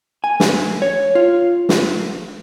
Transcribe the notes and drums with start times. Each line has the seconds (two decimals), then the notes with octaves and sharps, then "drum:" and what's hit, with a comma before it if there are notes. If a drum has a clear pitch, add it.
0.24 G#5
0.40 drum: snare
0.82 C#5
1.15 F4
1.69 drum: snare